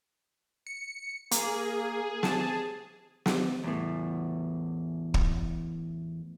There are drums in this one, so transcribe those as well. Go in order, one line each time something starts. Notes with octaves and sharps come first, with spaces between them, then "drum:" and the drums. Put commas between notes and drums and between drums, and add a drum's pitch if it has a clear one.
C#7
A#3 G#4, drum: hi-hat
A5, drum: snare
drum: snare
E2 A2
drum: kick